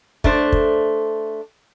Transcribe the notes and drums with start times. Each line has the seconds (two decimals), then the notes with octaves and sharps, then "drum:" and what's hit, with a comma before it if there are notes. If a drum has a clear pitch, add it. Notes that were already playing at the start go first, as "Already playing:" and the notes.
0.24 A3 D4 C5, drum: kick
0.52 drum: kick